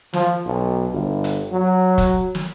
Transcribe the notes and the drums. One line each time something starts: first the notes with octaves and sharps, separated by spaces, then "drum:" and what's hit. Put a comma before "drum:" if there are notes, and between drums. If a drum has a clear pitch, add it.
F3, drum: snare
B1
G1
drum: hi-hat
F#3
drum: kick, hi-hat
drum: snare